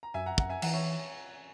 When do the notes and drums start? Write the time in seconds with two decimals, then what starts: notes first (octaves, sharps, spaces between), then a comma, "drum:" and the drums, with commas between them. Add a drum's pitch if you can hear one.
0.03 A#5
0.14 F#2 E5 G#5
0.26 F#5 A#5
0.38 F#2 F#5 A#5, drum: kick
0.49 E5 G#5
0.62 E3 F#5 A#5, drum: cymbal
0.73 C#5 E5